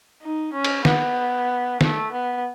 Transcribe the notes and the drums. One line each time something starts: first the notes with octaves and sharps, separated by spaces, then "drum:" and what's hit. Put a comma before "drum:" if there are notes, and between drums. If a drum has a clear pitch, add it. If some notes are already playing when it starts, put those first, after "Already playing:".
D#4
C#4
drum: cymbal
B3, drum: snare
A3, drum: snare
B3